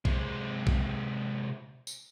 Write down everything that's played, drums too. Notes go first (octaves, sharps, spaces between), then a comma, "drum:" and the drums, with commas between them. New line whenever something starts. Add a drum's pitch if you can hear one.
C3 G#3, drum: kick
drum: kick
drum: tambourine